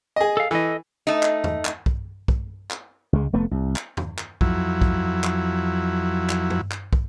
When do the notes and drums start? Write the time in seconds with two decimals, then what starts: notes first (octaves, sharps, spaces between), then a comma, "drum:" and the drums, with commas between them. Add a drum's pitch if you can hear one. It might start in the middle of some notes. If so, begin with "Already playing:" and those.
0.16 G#4 D#5
0.37 A4 F5
0.51 E3 A4 D#5
1.07 A3 D#4
1.23 drum: clap
1.44 drum: tom E2
1.65 drum: clap
1.86 drum: kick
2.28 drum: kick
2.71 drum: clap
3.13 C#2 G#3
3.33 F1 A3 B3
3.51 C2
3.76 drum: clap
3.97 drum: tom E2
4.18 drum: clap
4.41 F2 F#3 E4, drum: kick
4.82 drum: kick
5.24 drum: clap
6.29 drum: clap
6.50 drum: tom
6.71 drum: clap
6.93 drum: kick